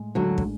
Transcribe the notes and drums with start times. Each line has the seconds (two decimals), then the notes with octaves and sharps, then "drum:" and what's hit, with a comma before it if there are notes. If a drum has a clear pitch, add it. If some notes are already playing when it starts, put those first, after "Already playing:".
Already playing: A2 G#3
0.15 A2 D3 F#3 G#3 D4
0.38 drum: kick